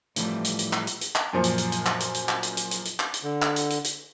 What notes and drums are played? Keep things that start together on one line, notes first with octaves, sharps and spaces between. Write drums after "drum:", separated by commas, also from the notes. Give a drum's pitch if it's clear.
A2 D3 E3 F3 G3 A3, drum: hi-hat
drum: hi-hat
drum: hi-hat
drum: clap
drum: hi-hat
drum: hi-hat
drum: clap
F#2 A#2 F3
drum: hi-hat
drum: hi-hat
drum: hi-hat
drum: clap
drum: hi-hat
drum: hi-hat
drum: clap
drum: hi-hat
drum: hi-hat
drum: hi-hat
drum: hi-hat
drum: clap
drum: hi-hat
D3
drum: clap
drum: hi-hat
drum: hi-hat
drum: hi-hat